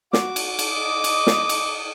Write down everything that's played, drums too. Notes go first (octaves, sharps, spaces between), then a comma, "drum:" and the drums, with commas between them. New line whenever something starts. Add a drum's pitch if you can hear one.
F#4 D6, drum: snare
drum: cymbal
drum: cymbal
D#5 D#6
drum: cymbal
drum: snare
drum: cymbal